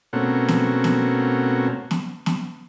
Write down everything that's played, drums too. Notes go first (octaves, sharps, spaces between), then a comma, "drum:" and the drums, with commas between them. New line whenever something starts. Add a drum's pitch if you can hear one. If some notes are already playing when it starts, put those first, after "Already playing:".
B2 A3 A#3 C4 C#4 F#4
drum: snare
drum: snare
drum: snare
drum: snare